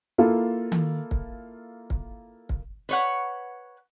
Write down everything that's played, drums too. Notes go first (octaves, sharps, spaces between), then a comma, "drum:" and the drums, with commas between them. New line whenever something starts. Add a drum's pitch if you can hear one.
A#3 E4 F4 A4
drum: tom D#3
drum: kick
drum: kick
drum: kick
B4 C#5 F#5